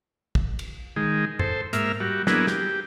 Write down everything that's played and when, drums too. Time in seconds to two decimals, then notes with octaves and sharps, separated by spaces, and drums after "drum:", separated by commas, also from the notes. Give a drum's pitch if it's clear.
0.35 drum: kick
0.59 drum: cymbal
0.96 D#3 G#3
1.39 A4 C5, drum: tom F#2
1.73 G#2 A#3 E5 F6, drum: hi-hat
2.00 G3 F#4
2.27 F#3 A#3 B3 D4 E4 G#4, drum: snare
2.47 G4, drum: snare